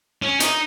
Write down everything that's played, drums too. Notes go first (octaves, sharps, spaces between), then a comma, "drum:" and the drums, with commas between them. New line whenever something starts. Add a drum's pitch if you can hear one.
C#4
D#4, drum: hi-hat